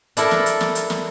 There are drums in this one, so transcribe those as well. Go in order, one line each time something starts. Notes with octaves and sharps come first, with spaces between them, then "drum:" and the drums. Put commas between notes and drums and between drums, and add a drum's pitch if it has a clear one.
D4 E4 A4 A#4, drum: hi-hat
drum: snare
drum: hi-hat
drum: snare
drum: hi-hat
drum: snare